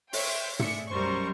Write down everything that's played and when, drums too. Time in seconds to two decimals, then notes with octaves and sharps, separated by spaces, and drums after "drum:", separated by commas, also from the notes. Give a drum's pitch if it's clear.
0.13 C5 C#5 E5 G5, drum: open hi-hat
0.59 A3 G#4 D5 E5 C#7, drum: tom
0.89 B1 F#2 G3 A#4 C5 C#6